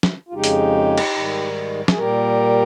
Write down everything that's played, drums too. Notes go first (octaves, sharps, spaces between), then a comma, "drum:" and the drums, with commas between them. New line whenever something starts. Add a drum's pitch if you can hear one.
drum: snare
F4
F2 C#3 G#3 D#4 G4
drum: hi-hat
drum: cymbal
G#2 D#3 G3
G#4, drum: snare
A#2 G3 G4 A#4